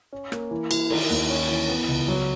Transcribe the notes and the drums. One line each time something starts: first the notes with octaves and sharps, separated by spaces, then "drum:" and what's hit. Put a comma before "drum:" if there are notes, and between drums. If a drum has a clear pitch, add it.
C#4
A#3, drum: rim click
E3
E3, drum: cymbal
D#3, drum: cymbal
D#2
C#4
E3
B3
C#2
F#3